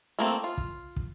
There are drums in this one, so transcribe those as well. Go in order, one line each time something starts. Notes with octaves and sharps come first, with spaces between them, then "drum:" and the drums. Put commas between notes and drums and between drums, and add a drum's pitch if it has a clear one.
A3 A#3 C4
F4
drum: kick
drum: kick